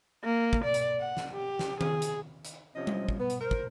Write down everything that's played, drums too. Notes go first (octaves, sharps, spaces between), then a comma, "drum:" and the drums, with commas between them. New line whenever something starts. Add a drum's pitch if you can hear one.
A#3
drum: kick
D5
drum: hi-hat
F#5
drum: snare
G4
drum: snare
G#4, drum: tom D#3
drum: hi-hat
drum: hi-hat
C3 F3 C#4 D#5
drum: tom G3
drum: kick
B3
drum: hi-hat
A#4 C5
drum: kick